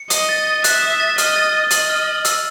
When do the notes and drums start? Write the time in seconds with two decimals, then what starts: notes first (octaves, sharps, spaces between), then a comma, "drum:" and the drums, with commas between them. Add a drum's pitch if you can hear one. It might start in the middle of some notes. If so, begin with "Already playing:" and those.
Already playing: C#7
0.10 D#5 D#6, drum: hi-hat
0.29 A6
0.47 A6
0.64 E5 F#6, drum: hi-hat
0.82 D#6
1.00 A6
1.18 D#5 F6, drum: hi-hat
1.36 A6
1.53 A6
1.71 D#5 F#7, drum: hi-hat
1.89 F6
2.07 F#7
2.25 E6, drum: hi-hat